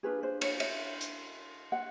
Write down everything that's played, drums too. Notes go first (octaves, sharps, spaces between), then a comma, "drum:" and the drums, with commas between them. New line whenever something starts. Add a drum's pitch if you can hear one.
D4 F4 G#4 B4
C5
C#5, drum: cymbal
E5, drum: cymbal
drum: hi-hat
F#5